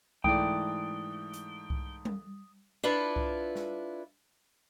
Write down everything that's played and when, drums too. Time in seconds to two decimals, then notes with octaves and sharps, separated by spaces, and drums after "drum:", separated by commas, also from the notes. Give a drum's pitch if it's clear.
0.24 G#2 E3 A3 D5 G5 D#6, drum: kick C2
1.33 drum: hi-hat
1.70 drum: kick C2
2.05 drum: tom G3
2.83 D4 E4 F4 A4 B4
3.16 drum: kick C2
3.55 drum: snare